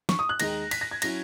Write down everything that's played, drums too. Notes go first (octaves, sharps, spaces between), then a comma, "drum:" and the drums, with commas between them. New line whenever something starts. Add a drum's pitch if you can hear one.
C#6, drum: snare
D#6
F#6
D#2 D#3 G#3 D#4 A#6, drum: cymbal
B6, drum: cymbal
A#6
G#6
F#3 C#4 E4 A#6, drum: cymbal